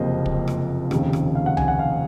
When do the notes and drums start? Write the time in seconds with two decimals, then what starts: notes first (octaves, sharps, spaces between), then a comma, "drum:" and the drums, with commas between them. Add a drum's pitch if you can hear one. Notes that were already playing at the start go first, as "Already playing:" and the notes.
Already playing: F#1 F2 C3 F3 A#3 C5 D#5
0.26 drum: kick
0.48 drum: rim click
0.91 F1 D#2 C#3, drum: rim click
1.13 drum: rim click
1.35 F5
1.46 F#5
1.57 G#5, drum: tom C2
1.68 F#5
1.79 F5